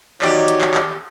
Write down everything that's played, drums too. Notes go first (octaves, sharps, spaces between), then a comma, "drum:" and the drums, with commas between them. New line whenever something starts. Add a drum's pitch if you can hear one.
D#2 F#3 D#4 G4 C#5 D5, drum: clap
drum: hi-hat
drum: clap
drum: clap